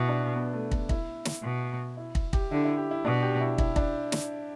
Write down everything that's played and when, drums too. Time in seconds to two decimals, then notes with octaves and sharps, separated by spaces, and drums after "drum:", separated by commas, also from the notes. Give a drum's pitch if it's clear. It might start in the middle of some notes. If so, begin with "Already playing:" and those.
Already playing: B2 E4
0.09 D4
0.36 B3
0.53 A3
0.71 A3, drum: kick
0.89 E4, drum: kick
1.25 drum: snare
1.43 B2
1.97 E4
2.15 drum: kick
2.33 G4, drum: kick
2.51 D3 E4
2.65 E4
2.77 G4
2.91 E4
3.05 B2 D4
3.22 G4
3.41 E4
3.58 E4, drum: kick
3.76 D4, drum: kick
4.12 drum: snare